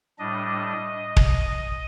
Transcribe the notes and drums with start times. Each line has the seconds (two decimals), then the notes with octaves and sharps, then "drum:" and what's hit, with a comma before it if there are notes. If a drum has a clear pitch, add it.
0.19 A2 G3 D4 D#5
1.17 drum: kick